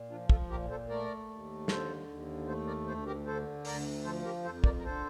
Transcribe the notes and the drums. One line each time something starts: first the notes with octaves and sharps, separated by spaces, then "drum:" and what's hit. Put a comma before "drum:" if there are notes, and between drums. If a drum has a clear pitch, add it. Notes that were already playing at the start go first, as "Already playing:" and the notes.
Already playing: A#2
F3 D4 F4
F4 A4, drum: kick
A#2 G4 A#4
A4 C5
A3 A#4 D5
D#2
D3 A4 C5, drum: snare
D#2
A3 A4 C5
A#4 D5
D2 A4 C5
G4 A#4
D3 A4 C5
D2 A#4 D5, drum: open hi-hat
F3 A4 C5
G4 A#4
F2 A4 C5
A#4 D5, drum: kick
A#4
D3 A4 C5